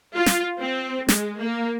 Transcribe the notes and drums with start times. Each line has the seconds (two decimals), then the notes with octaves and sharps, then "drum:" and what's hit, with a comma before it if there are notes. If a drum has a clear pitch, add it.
0.15 F4
0.26 drum: snare
0.59 C4
1.09 G#3, drum: snare
1.40 A#3